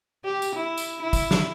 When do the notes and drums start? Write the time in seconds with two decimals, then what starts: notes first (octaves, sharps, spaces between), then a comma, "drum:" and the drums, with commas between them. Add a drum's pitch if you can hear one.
0.24 G4
0.42 drum: tambourine
0.55 E4
0.77 drum: tambourine
1.02 E4
1.13 drum: kick, tambourine
1.31 drum: snare